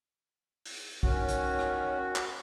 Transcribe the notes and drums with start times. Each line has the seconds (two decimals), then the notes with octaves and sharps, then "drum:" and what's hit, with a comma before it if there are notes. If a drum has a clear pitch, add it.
0.65 drum: open hi-hat
1.03 D#3 C#4 F#4, drum: kick B1
1.28 drum: hi-hat
1.59 drum: rim click
2.16 drum: clap